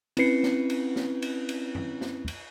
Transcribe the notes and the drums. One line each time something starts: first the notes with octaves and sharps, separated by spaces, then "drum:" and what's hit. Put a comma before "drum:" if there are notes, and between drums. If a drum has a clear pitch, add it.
C4 C#4 E4 B4 C7 C#7, drum: cymbal
drum: snare
drum: cymbal
drum: snare
drum: cymbal
drum: cymbal
drum: tom
drum: snare
drum: cymbal